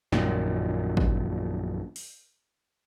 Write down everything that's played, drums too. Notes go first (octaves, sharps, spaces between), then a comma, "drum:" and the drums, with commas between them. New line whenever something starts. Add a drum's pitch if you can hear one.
A#1 F#2 A#2 D#3, drum: snare
drum: kick
drum: open hi-hat